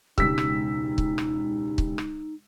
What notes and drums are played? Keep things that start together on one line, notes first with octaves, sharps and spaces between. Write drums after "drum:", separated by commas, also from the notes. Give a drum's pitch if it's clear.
E1 C#2 D#4 G4 E6 B6, drum: kick C#1
drum: rim click
drum: kick C#1
drum: rim click
drum: kick C#1
drum: rim click